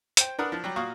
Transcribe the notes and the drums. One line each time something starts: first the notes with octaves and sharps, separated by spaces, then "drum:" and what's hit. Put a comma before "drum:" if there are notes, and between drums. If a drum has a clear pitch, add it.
C5 G5, drum: hi-hat
D4 A#4 B4 F#5 D#6 F6
F3 D4
F#3 G3 G4
A#2 F#4 F5 C#6 D#6